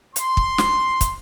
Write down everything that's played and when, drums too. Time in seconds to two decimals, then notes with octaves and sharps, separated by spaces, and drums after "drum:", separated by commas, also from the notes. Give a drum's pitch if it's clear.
0.16 C6, drum: hi-hat
0.37 drum: kick
0.58 drum: snare
1.01 drum: kick, hi-hat